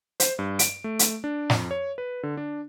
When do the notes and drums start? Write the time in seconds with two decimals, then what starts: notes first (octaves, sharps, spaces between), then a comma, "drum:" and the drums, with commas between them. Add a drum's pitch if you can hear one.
0.20 C5, drum: hi-hat
0.39 G2
0.59 D7, drum: hi-hat
0.84 A3
0.99 drum: hi-hat
1.24 D4
1.50 F2, drum: snare
1.71 C#5
1.98 B4
2.23 D3
2.37 D4